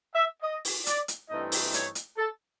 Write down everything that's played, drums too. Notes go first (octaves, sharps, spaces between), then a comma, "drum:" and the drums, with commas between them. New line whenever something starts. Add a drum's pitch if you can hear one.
E5
D#5
drum: open hi-hat
D5, drum: hi-hat
drum: hi-hat
G2 E3 A3 C4 D#4 D#5
drum: open hi-hat
C#5, drum: hi-hat
drum: hi-hat
A4